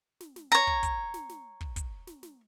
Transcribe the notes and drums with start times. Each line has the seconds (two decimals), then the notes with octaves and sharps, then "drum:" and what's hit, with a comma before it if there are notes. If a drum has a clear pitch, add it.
0.20 drum: snare
0.36 drum: snare
0.52 C#5 A#5
0.67 drum: kick
0.83 drum: kick, hi-hat
1.14 drum: snare
1.29 drum: snare
1.61 drum: kick
1.76 drum: kick, hi-hat
2.07 drum: snare
2.23 drum: snare